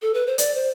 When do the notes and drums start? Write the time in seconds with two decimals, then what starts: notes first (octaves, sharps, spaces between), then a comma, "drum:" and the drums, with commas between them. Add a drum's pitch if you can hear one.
0.02 A4
0.14 B4
0.27 C5
0.38 D5, drum: hi-hat
0.55 C5